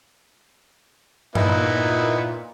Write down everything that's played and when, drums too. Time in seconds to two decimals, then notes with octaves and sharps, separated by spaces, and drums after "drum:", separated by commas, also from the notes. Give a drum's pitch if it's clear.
1.35 A#2 B3 D#4 E4, drum: tom G2